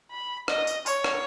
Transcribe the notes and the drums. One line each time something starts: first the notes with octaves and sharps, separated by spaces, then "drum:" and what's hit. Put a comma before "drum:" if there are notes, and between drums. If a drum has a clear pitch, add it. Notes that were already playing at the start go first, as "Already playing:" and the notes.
B5
D#5, drum: rim click
drum: tambourine
C#5, drum: tambourine
drum: rim click